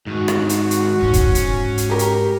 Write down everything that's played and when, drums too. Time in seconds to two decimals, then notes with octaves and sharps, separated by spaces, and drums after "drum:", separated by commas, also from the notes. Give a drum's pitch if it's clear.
0.07 G#2 D#3 F#4
0.28 drum: rim click
0.49 drum: hi-hat
0.71 drum: hi-hat
1.02 G#2 C#4
1.13 drum: kick, hi-hat
1.35 drum: hi-hat
1.78 drum: hi-hat
1.90 G4 A#4
1.99 drum: hi-hat